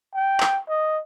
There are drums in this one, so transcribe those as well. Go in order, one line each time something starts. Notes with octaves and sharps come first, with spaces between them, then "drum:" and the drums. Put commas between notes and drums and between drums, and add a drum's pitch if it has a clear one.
G5
drum: clap
D#5